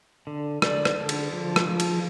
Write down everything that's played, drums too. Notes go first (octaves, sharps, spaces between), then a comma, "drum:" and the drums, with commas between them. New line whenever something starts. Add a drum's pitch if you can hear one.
D3
D3 D5, drum: rim click
drum: rim click
D3
drum: cymbal
F3
drum: rim click
F3
drum: cymbal